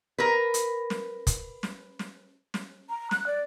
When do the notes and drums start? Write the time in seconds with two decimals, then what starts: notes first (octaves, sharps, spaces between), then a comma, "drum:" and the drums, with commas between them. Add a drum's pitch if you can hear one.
0.18 A#4 B4
0.54 drum: hi-hat
0.90 drum: snare
1.27 drum: kick F1, hi-hat
1.63 drum: snare
1.99 drum: snare
2.54 drum: snare
2.89 A#5
3.11 F#6, drum: snare
3.27 D5